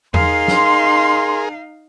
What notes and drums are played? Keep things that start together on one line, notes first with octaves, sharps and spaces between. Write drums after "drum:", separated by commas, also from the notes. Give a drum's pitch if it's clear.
D#4 G#4 A#4 F5 C6, drum: tom E2
drum: snare